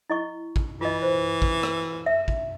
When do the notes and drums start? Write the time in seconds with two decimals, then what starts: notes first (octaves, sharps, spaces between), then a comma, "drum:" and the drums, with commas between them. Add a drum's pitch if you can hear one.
0.10 E4 D#5 C#6
0.56 drum: kick A1
0.81 E3 F4 D#5
1.02 C5
1.42 drum: kick A1
1.63 drum: rim click
2.06 E5
2.28 drum: kick A1